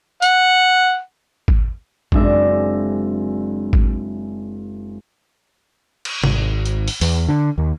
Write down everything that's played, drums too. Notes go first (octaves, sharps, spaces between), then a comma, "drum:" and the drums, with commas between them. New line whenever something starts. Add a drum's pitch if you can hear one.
F#5, drum: hi-hat
drum: kick G#1
F#1 G#3 C4 D4 E5 A#6, drum: kick G#1
drum: kick G#1
drum: cymbal
G#1, drum: tom C3
drum: hi-hat
drum: open hi-hat
E2, drum: open hi-hat
D3
D#2